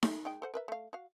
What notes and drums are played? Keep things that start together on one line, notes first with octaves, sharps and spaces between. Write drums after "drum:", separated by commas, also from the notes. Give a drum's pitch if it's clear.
A3, drum: snare D#4
G#3 D#4 G5
A4 C5 F#5
A#4 B4 E5
A3 F5
F#4 F5